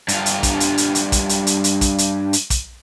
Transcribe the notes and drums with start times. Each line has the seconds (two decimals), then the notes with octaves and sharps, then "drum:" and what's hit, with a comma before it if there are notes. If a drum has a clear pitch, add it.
0.08 G2 F4, drum: hi-hat
0.26 drum: hi-hat
0.43 drum: kick, hi-hat
0.60 drum: hi-hat
0.78 drum: hi-hat
0.95 drum: hi-hat
1.12 drum: kick, hi-hat
1.29 drum: hi-hat
1.47 drum: hi-hat
1.64 drum: hi-hat
1.81 drum: kick, hi-hat
1.98 drum: hi-hat
2.33 drum: hi-hat
2.50 drum: kick, hi-hat